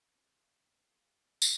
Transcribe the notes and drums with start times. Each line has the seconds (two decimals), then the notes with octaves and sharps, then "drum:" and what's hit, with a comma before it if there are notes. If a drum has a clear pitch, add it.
0.15 C4 D#4 F4 G#4
0.39 G4 F5
0.58 A#2 F3 B3 D4 B4 E5
0.83 G#4 A4 F5
1.25 C4 A4 D5
1.42 F2 B2 D#3, drum: tambourine